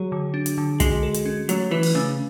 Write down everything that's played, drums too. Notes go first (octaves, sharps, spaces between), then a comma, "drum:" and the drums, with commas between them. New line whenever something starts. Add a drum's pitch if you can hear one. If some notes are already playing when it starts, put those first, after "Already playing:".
Already playing: F#3 G#4
D3
D4
drum: hi-hat
D3
G#3 F#4, drum: kick, hi-hat
A4
drum: hi-hat
C#4
F#3 A3, drum: hi-hat
E3 B4
drum: open hi-hat
C#3 A3